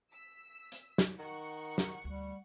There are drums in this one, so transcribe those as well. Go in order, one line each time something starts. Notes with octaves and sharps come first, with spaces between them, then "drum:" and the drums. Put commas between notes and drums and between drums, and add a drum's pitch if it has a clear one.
E6 B6
drum: hi-hat
drum: snare
D#3 F#5 C#6
drum: snare
D2 G3